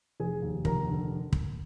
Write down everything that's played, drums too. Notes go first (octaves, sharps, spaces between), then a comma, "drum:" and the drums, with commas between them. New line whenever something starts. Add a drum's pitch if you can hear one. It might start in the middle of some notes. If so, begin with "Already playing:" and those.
F1 G#4 G#5
D#2
F1 A#4 A#5, drum: kick
D3
drum: kick